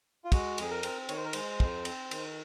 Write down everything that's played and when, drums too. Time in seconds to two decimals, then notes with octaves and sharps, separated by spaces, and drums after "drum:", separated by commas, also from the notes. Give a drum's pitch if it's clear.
0.24 F4
0.32 G#3 F#4, drum: kick, cymbal
0.58 F2 G#4, drum: cymbal
0.71 A#4
0.83 C4, drum: cymbal
1.09 D#3 C#5, drum: cymbal
1.17 C5
1.25 A#4
1.33 G#3 C5, drum: cymbal
1.60 F2, drum: kick
1.85 C4, drum: cymbal
2.11 D#3, drum: cymbal